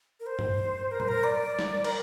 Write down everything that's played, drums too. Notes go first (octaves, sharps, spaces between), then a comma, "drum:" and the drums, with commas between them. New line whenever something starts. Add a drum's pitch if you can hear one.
A#4
C5
drum: tom G2
A#4
C5, drum: tom A#2
A#4
D5
drum: snare
A#4, drum: cymbal